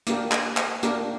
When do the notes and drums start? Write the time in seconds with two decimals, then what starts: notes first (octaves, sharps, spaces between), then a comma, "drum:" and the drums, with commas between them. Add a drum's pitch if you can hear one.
0.07 A#3 D4 G4 A#4, drum: hi-hat
0.32 drum: clap
0.57 drum: clap
0.83 A#3 D4 G4 A#4, drum: hi-hat